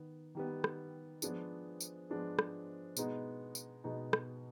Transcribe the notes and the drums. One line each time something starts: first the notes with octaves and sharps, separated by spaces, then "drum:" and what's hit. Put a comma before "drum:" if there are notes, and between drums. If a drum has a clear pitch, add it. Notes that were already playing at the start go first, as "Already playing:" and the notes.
Already playing: D#3 B3
D#3 G3 B3
drum: rim click
F3 G#3 B3 D4 G#4, drum: tambourine
drum: tambourine
F3 G#3 B3 D4 G#4
drum: rim click
B2 G#3 B3 D#4, drum: tambourine
drum: tambourine
B2 G#3 B3 D#4
drum: rim click